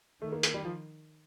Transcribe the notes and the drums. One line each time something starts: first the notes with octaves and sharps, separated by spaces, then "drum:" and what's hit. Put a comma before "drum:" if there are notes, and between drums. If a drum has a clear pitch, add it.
D#3 A3
A#3
A#3, drum: hi-hat
G3
F3